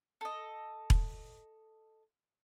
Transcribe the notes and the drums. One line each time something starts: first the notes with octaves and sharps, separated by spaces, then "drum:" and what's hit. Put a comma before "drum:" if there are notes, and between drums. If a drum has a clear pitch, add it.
A4 D#5
drum: kick E1